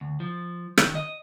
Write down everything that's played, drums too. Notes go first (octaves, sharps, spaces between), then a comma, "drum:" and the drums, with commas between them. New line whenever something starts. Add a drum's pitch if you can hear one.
D2
F3
D#3, drum: rim click
D#5